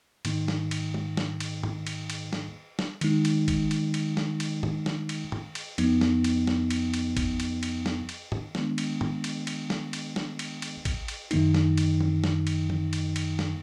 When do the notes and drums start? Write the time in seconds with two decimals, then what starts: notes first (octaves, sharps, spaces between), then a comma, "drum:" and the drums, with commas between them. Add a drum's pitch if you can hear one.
0.25 G#2 D#3 A#3 D#4, drum: cymbal
0.48 drum: snare
0.71 drum: cymbal
0.94 drum: tom
1.17 drum: snare
1.40 drum: cymbal
1.63 drum: tom G2
1.87 drum: cymbal
2.10 drum: cymbal
2.33 drum: snare
2.79 drum: snare
3.01 D#3 G#3 D#4, drum: cymbal
3.25 drum: cymbal
3.48 drum: kick, cymbal
3.71 drum: cymbal
3.94 drum: cymbal
4.17 drum: snare
4.40 drum: cymbal
4.63 drum: tom G2
4.86 drum: snare
5.09 drum: cymbal
5.32 drum: tom G2
5.55 drum: cymbal
5.78 F2 F3 B3 D#4, drum: cymbal
6.01 drum: snare
6.24 drum: cymbal
6.47 drum: snare
6.70 drum: cymbal
6.94 drum: cymbal
7.17 drum: kick, cymbal
7.40 drum: cymbal
7.63 drum: cymbal
7.86 drum: snare
8.09 drum: cymbal
8.32 drum: tom G2
8.55 D#3 G#3 B3 D4, drum: snare
8.78 drum: cymbal
9.01 drum: tom G2
9.24 drum: cymbal
9.47 drum: cymbal
9.70 drum: snare
9.93 drum: cymbal
10.16 drum: snare
10.39 drum: cymbal
10.62 drum: cymbal
10.85 drum: kick, cymbal
11.08 drum: cymbal
11.31 F#2 D#3 A#3 D#4, drum: cymbal
11.54 drum: snare
11.78 drum: cymbal
12.01 drum: tom
12.24 drum: snare
12.47 drum: cymbal
12.70 drum: tom
12.93 drum: cymbal
13.16 drum: cymbal
13.39 drum: snare